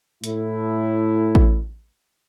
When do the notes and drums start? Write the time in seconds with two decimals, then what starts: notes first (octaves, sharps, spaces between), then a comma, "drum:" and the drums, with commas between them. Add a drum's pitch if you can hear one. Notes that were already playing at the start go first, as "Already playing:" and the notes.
0.24 A2 E4, drum: hi-hat
1.35 drum: kick A1